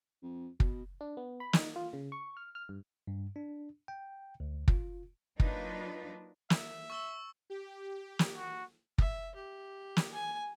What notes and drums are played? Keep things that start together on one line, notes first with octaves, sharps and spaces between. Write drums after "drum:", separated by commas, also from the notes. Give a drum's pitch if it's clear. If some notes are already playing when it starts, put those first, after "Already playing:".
F2
B2, drum: kick
D4
B3
B5
D#4, drum: snare
F4
C#3
C#6
F6
F6
G2
G2
D4
G5
D2
F4, drum: kick
F#3 A#3 D4 D#4 F4 B4, drum: kick
E5, drum: snare
C#6 E6 G7
G4
drum: snare
F#4
E5, drum: kick
G4
drum: snare
G#5